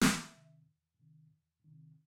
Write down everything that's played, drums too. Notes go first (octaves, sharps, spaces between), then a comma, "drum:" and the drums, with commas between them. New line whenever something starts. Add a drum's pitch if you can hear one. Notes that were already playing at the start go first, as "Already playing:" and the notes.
E2 E5, drum: snare
C3 D#3
E2
C3 D#3
E2
C3 D#3